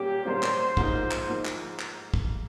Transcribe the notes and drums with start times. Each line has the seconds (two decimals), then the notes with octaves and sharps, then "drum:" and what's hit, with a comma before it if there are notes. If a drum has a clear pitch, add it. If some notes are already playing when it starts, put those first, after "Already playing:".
Already playing: A#2 G3 A#3 C#4 G4
0.25 A#2 G3 A#3 C#4 C5
0.43 drum: clap
0.77 G#2 F3 A#3 D#4, drum: kick
1.11 drum: clap
1.28 F3 A#3 D#4
1.45 drum: clap
1.79 drum: clap
2.14 drum: kick